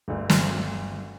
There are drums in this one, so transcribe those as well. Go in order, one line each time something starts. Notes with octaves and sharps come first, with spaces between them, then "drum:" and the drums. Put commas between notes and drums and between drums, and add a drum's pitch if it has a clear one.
G1 D2
drum: snare